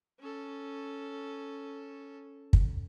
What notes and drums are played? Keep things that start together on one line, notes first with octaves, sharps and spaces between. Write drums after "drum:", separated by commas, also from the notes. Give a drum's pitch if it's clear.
C#4 A4
drum: kick